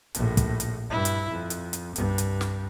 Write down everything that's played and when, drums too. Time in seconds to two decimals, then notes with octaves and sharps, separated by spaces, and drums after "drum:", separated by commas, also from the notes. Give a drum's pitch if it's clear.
0.15 A#1 A2, drum: hi-hat
0.37 drum: kick, hi-hat
0.60 drum: hi-hat
0.90 G2 E4
1.05 drum: hi-hat
1.31 F2
1.50 drum: hi-hat
1.73 drum: hi-hat
1.96 C2 G2, drum: hi-hat
2.18 drum: hi-hat
2.41 drum: snare